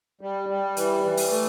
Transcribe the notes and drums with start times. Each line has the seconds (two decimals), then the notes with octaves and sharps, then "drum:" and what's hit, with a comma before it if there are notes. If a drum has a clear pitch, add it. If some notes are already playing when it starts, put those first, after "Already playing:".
0.21 G3
0.49 G3
0.77 E3, drum: hi-hat
1.04 E3
1.17 drum: open hi-hat
1.31 A3